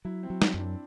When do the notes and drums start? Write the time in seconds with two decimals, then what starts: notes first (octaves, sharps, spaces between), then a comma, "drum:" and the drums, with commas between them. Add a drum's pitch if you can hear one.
0.05 F#3 E4
0.23 C4
0.30 F#3
0.42 D4, drum: snare
0.54 F#2
0.60 D4